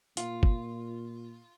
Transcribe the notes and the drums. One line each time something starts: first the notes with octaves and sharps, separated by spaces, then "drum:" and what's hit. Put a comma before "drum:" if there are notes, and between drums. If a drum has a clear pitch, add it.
A#2 F4, drum: hi-hat
drum: kick